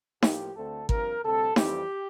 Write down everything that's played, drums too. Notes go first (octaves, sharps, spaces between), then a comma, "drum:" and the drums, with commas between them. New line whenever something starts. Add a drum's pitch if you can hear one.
A2 F3 A#3 G4, drum: snare D#4
D2 D3 A3 C4 A4
G2 F3 C4 A#4, drum: kick
D2 C3 G3 C4 A4
F2 E3 G3 C4 G4, drum: snare D#4